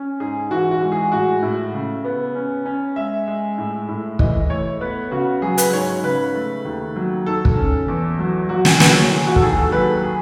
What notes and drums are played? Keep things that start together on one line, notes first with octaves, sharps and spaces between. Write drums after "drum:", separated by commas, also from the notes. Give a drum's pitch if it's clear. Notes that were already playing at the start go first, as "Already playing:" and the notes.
Already playing: C#4
G#2 G#4
E3 F#4
F#4
G#3
G#4
A2 F#4
A2
C#3
B3
C#4
C#4
G#3 E5
G#3
A2
A2
E3 D#5, drum: kick
A3 C#5
B3 B4
C#3 F#4
F#3 G#4
B4, drum: hi-hat
G#2 C#5
C#3 B4
A3
D#2
F#3
D#3 A4
drum: kick
C#4
E2
F#3
F#3 F#4
G#4, drum: snare
F#3 B4, drum: snare
C#5
E3 G#4
F#4
A4, drum: kick
D#2 G#4
A4
F#3 B4
G#4